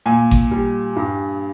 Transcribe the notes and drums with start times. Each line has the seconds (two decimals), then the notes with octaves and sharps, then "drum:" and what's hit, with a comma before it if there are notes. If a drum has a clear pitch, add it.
0.06 A#2 G#5
0.31 drum: kick G#1
0.51 G3
0.96 G2